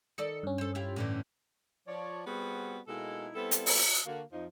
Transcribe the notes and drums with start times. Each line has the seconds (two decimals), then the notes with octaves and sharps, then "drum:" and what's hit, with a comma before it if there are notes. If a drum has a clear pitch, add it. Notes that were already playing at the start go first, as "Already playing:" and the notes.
0.18 D#3 A4 D5 C#7
0.43 G2 C#4
0.58 A4 C5
0.75 E4 F4 G4
0.96 A2 D3 E3
1.87 F3 C#5 D5
2.26 G3 B3 C4 F#4 G#4
2.88 B2 G#3 A#3 D#4 E4 A4
3.35 G3 B3 C4 E4 A4
3.51 drum: hi-hat
3.66 drum: open hi-hat
4.06 D3 A#3 F#4
4.32 F2 F3 D#4